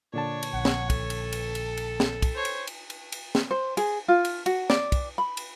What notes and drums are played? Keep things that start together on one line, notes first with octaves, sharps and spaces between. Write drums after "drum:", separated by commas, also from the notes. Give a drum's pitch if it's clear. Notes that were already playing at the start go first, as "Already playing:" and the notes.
A#2 D3 D4 C#5 A5
drum: cymbal
A#1 F#5
drum: snare
A4, drum: kick, cymbal
drum: cymbal
drum: cymbal
drum: cymbal
drum: cymbal
drum: snare
drum: kick, cymbal
C5 C#5
drum: cymbal
drum: cymbal
drum: cymbal
drum: cymbal
drum: snare
C5
G#4, drum: cymbal
F4
drum: cymbal
F#4, drum: cymbal
D5, drum: snare
drum: kick, cymbal
B5
drum: cymbal